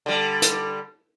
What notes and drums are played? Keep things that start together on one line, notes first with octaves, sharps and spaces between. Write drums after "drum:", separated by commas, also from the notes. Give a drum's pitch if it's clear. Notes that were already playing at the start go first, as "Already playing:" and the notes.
D3 G3
drum: hi-hat